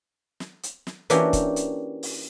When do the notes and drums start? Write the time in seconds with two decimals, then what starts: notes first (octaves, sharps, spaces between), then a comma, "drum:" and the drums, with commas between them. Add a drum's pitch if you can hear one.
0.40 drum: snare
0.63 drum: hi-hat
0.87 drum: snare
1.10 E3 A#3 C#4 D4 F#4 G4, drum: hi-hat
1.33 drum: kick, hi-hat
1.56 drum: hi-hat
2.03 drum: open hi-hat